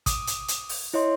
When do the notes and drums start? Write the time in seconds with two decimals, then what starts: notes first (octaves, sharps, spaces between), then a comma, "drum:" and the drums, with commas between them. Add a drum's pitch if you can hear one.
0.06 D6 D#6, drum: kick, hi-hat
0.27 drum: hi-hat
0.48 drum: hi-hat
0.69 drum: open hi-hat
0.94 E4 C#5 D#5 C6